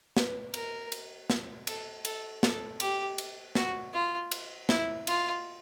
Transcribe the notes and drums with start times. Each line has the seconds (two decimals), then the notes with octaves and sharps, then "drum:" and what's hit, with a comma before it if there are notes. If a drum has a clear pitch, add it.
0.17 B4, drum: snare
0.54 A#4, drum: cymbal
0.92 drum: cymbal
1.30 drum: snare
1.67 A4, drum: cymbal
2.05 A4, drum: cymbal
2.43 A4, drum: snare
2.80 G4, drum: cymbal
3.18 drum: cymbal
3.55 F#4, drum: snare
3.93 F4
4.31 drum: cymbal
4.69 E4, drum: snare
5.07 F4, drum: cymbal